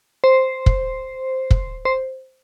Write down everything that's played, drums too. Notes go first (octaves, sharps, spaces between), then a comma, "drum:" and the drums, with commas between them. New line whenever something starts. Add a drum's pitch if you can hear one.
C5
drum: kick
drum: kick
C5